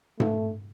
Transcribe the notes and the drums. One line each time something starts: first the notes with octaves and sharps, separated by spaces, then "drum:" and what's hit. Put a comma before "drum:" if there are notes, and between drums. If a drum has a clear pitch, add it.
A3, drum: tom G#2